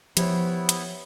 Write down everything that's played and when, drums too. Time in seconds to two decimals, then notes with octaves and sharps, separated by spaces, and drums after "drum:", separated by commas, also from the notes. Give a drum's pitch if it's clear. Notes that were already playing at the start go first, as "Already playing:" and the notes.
0.17 F3 B3 E4 G4 C5 C#5, drum: hi-hat
0.69 drum: hi-hat